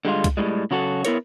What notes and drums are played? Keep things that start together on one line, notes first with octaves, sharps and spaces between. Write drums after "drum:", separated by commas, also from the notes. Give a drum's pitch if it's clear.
D3 G3 G#3 F4
drum: kick C2, hi-hat
A2 G3 G#3
C#3 F#3 F#4 A4
B3 E4 A#4 C#5, drum: hi-hat